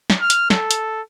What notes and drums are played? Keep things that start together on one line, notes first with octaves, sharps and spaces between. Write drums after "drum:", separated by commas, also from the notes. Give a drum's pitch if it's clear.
drum: snare
F6
drum: hi-hat
A4, drum: snare
drum: hi-hat